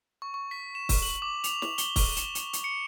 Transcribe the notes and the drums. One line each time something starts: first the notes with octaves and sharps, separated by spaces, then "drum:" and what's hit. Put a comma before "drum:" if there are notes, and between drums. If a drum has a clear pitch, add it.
C#6
C#6
B6
E7
drum: kick, open hi-hat
F#7
D6
F7, drum: hi-hat
drum: snare
G7, drum: hi-hat
C#6, drum: kick, open hi-hat
E7, drum: hi-hat
drum: hi-hat
drum: hi-hat
C#7